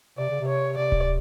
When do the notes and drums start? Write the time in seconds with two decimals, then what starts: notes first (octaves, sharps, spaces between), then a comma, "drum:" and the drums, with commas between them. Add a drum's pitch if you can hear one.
0.18 C3 D5
0.30 C#3
0.41 C3
0.48 C#5
0.77 C3 D5
0.92 drum: kick D1